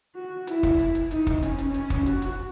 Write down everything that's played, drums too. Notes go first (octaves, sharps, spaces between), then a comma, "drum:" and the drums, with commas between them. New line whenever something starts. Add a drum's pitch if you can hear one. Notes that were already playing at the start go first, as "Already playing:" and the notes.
F#4
E4, drum: hi-hat
drum: kick, hi-hat
drum: hi-hat
drum: hi-hat
D#4, drum: hi-hat
drum: kick, hi-hat
C#4, drum: hi-hat
drum: hi-hat
C#4, drum: hi-hat
drum: kick, hi-hat
F#4, drum: hi-hat
drum: hi-hat